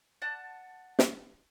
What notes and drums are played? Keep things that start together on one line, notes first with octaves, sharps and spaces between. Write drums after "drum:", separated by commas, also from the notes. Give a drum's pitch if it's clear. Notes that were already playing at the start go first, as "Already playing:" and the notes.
D5 F#5 A5
drum: snare